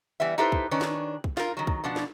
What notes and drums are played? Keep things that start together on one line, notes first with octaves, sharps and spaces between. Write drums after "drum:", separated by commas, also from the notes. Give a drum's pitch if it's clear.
E3 G3 B3 E5
D#4 E4 G4 A4 B4 C5
drum: kick
D#3 C#4 D4 B4 C#5
drum: snare
drum: kick
F4 A#4, drum: snare
D#3 F#3
drum: kick
B2 F3 D4 F#5
drum: snare